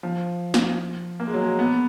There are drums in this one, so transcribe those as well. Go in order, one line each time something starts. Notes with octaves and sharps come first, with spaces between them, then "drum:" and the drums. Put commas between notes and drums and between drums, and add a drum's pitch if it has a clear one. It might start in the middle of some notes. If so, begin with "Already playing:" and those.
F3
drum: snare
A#3
G#3
F#3
G#3
B3